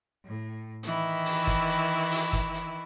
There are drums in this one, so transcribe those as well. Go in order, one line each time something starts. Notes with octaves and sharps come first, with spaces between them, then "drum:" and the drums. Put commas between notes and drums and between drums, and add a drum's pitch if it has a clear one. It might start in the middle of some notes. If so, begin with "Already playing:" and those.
A2
D#3 E3 E4, drum: hi-hat
drum: open hi-hat
drum: kick, hi-hat
drum: hi-hat
drum: open hi-hat
drum: kick, hi-hat
drum: hi-hat